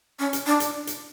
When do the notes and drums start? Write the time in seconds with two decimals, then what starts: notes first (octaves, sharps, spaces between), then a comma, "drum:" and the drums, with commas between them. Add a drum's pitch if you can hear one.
0.19 C#4
0.33 drum: hi-hat
0.47 D4
0.60 drum: hi-hat
0.87 drum: hi-hat